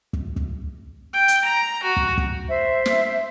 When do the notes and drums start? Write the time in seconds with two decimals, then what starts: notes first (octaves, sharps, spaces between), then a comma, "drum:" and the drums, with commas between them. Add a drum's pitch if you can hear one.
0.13 drum: kick
0.36 drum: kick
1.13 G5
1.28 drum: hi-hat
1.45 A#5
1.83 F#4
1.97 drum: kick
2.18 drum: kick
2.48 C5 E5
2.86 drum: snare